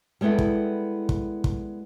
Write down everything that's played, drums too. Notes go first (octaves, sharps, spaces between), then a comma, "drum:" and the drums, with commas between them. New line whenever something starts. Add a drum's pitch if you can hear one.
G3 G#3 B3 E4 A4
drum: kick
drum: kick
drum: kick